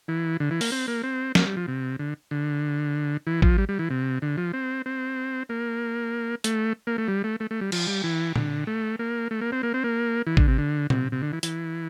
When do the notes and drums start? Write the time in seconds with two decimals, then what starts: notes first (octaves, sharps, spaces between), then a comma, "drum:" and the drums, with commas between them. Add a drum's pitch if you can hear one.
0.08 E3
0.40 D3
0.51 E3
0.61 A#3, drum: open hi-hat
0.72 C4
0.88 A#3
1.04 C4
1.35 A#3, drum: snare
1.46 G3
1.57 F3
1.68 C3
1.99 D3
2.31 D3
3.27 E3
3.42 F3, drum: kick
3.58 G3
3.69 G3
3.79 E3
3.90 C3
4.22 D3
4.37 F3
4.53 C4
4.86 C4
5.49 A#3
6.44 A3, drum: hi-hat
6.87 A#3
6.98 A3
7.08 G3
7.24 A3
7.40 A3
7.51 A3
7.61 G3
7.72 F3, drum: cymbal
7.88 G3
8.04 E3
8.36 D3, drum: tom A#2
8.67 A3
8.99 A#3
9.31 A3
9.41 A#3
9.52 C4
9.63 A#3
9.74 C4
9.84 A#3
10.27 E3
10.37 D3, drum: kick
10.48 C3
10.58 D3
10.90 C3, drum: tom A#2
11.12 C3
11.22 D3
11.33 E3
11.43 E3, drum: hi-hat